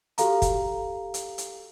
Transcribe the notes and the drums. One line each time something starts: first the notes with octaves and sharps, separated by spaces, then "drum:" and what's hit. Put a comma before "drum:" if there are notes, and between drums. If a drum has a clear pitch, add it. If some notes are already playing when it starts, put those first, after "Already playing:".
F#4 G4 A4 F5 A#5, drum: hi-hat
drum: kick, hi-hat
drum: hi-hat
drum: hi-hat